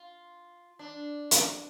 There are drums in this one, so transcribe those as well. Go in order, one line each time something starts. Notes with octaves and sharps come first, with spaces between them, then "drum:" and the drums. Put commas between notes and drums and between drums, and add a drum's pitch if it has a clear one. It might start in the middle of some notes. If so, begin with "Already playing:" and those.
Already playing: F4
D4
drum: hi-hat